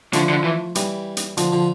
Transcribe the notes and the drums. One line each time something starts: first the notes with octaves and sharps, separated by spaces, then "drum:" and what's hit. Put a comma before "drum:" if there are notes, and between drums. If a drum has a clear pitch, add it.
D3 F3 A3, drum: hi-hat
D3
E3
E3 G3, drum: hi-hat
drum: hi-hat
D3 F3, drum: hi-hat
D3 F3